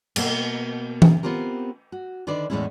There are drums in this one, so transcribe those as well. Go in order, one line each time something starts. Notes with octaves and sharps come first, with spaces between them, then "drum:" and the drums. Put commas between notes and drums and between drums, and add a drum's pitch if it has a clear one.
B2 A#3 E5, drum: cymbal
drum: tom E3
B3 C4 F4 G4 A#4
F#4
D3 D#3 D4 B4 C5 D5
E2 A2 D#3 G#3 C#4 E4